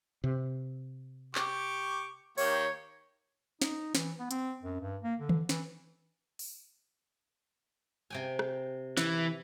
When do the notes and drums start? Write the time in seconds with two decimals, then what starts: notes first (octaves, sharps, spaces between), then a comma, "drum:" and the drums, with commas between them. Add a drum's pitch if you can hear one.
0.24 C3
1.35 G4 C#6 D6, drum: clap
2.38 D#3 A#3 G4 C#5, drum: open hi-hat
3.62 D#4, drum: snare
3.95 E3, drum: snare
4.19 B3
4.31 C4, drum: hi-hat
4.63 F#2
4.80 G2
5.03 A#3
5.20 D3
5.29 drum: tom D#3
5.49 E3, drum: snare
6.39 drum: open hi-hat
8.10 C3 G5 G#5
8.39 drum: rim click
8.97 E3, drum: snare